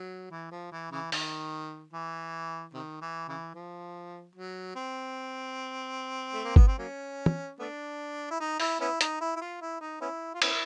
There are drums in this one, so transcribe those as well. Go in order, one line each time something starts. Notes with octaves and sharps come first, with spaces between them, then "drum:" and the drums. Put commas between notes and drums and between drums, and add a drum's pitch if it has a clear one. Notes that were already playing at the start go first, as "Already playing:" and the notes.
Already playing: F#3
E3
F3
E3
C#3 E3
D#3, drum: open hi-hat
E3
C3 D#3
E3
C#3 E3
F3
F#3
C4
A3
A#3
B3, drum: kick G1
C4
F#3 A#3 C#4
drum: tom
A3 B3 D4
E4
D#4
E4, drum: open hi-hat
B3 C#4 E4
D#4, drum: hi-hat
E4
E4
F4
E4
D#4
B3 C#4 E4
F4
B3 C#4 E4, drum: cymbal